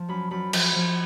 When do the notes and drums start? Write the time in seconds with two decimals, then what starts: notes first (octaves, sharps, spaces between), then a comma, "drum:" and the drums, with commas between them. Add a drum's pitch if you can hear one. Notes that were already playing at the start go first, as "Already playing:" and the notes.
Already playing: F3 A5
0.08 F#2 B5
0.31 F#2 B5
0.53 F3 B5, drum: cymbal
0.76 F3